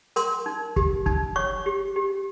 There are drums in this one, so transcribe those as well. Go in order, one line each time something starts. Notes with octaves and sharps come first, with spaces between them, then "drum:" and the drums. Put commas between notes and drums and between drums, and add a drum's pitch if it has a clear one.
A#4 C6, drum: hi-hat
D#4
G4, drum: kick
D#4, drum: kick
C#5 C#6
G4
G4